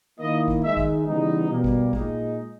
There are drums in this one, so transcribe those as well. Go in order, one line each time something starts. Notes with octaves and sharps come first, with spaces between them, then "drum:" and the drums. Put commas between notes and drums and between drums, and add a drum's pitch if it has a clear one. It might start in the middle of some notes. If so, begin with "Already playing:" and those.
D#3 A#3 E4 D#5
drum: kick
D#3 G#3 D#4 E5
drum: kick
C#3 E3 G3 B3 D#4
B2 G3 A#3
drum: kick
A#2 G#3 D#4, drum: kick